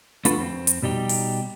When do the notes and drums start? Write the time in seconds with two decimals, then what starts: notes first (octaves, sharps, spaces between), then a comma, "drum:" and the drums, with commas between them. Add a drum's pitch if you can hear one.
0.25 A3 D4 F4 F#4 A4 B4, drum: hi-hat
0.38 F2 C4
0.67 drum: hi-hat
0.82 B2 G3 D#4 G4
1.09 drum: open hi-hat